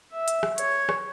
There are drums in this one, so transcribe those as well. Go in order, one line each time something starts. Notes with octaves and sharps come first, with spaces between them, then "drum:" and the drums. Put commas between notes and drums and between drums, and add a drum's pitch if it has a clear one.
E5
drum: hi-hat
drum: rim click
C#5, drum: hi-hat
drum: rim click